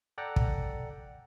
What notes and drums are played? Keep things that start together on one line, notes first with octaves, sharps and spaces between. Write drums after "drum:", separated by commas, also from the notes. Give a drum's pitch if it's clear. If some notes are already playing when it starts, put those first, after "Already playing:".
A4 D5 F#5 G5 A#5
drum: kick